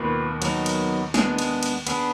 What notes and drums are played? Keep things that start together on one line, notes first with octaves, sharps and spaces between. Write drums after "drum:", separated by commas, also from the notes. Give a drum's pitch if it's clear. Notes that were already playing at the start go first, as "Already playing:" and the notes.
Already playing: D#2 B2 D#3 A#3 F4 B4
F#3 B3 D#4 A#4, drum: cymbal
drum: cymbal
G#3 B3 D4 G#4, drum: snare
drum: cymbal
drum: cymbal
B3 D4 G#4 B4, drum: cymbal